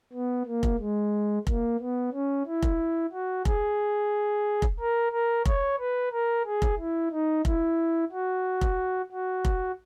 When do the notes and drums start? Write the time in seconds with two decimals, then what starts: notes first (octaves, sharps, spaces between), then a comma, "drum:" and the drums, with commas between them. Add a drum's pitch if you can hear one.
0.13 B3
0.46 A#3
0.63 drum: kick F1
0.79 G#3
1.47 A#3, drum: kick F1
1.80 B3
2.13 C#4
2.46 E4
2.63 drum: kick F1
3.12 F#4
3.45 G#4, drum: kick F1
4.62 drum: kick F1
4.79 A#4
5.12 A#4
5.45 C#5, drum: kick F1
5.79 B4
6.12 A#4
6.45 G#4
6.62 drum: kick F1
6.79 E4
7.12 D#4
7.45 E4, drum: kick F1
8.12 F#4
8.61 drum: kick F1
9.12 F#4
9.45 drum: kick F1